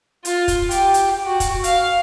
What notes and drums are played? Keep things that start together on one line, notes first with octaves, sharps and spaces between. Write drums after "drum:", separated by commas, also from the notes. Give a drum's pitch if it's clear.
F4, drum: hi-hat
drum: kick, hi-hat
G4, drum: hi-hat
drum: hi-hat
F#4
drum: kick, hi-hat
F5, drum: hi-hat